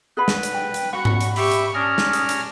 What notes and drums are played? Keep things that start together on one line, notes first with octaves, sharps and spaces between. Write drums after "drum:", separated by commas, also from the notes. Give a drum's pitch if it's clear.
G#4 B4 F#5 B5
drum: snare
drum: hi-hat
G5
drum: hi-hat
F#4 F#5 B5 C#6
drum: tom G#2
drum: hi-hat
G4 E5 C#6, drum: open hi-hat
drum: hi-hat
C#4 D4 A#5 D#6 F6
drum: snare
drum: hi-hat
drum: hi-hat